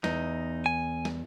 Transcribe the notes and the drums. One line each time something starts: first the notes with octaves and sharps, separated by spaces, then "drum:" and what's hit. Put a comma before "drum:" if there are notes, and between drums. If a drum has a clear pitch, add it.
E2 D#4, drum: snare
G#5
drum: snare